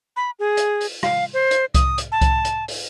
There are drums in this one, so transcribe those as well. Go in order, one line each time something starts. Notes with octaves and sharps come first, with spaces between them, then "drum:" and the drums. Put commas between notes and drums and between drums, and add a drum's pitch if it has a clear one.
B5
G#4
drum: hi-hat
drum: open hi-hat
F5, drum: rim click
C5
drum: hi-hat
D#6, drum: kick C2, hi-hat
drum: hi-hat
A5
drum: kick C2, hi-hat
drum: hi-hat
drum: open hi-hat